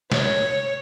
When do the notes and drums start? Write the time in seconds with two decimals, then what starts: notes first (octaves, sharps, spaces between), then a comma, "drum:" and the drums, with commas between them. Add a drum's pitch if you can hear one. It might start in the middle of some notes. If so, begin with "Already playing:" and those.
0.12 C#5, drum: snare